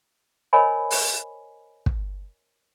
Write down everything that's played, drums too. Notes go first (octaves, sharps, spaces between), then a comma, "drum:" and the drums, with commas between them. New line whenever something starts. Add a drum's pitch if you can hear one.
A#4 C5 C#5 D#5 G#5 B5
drum: open hi-hat
drum: kick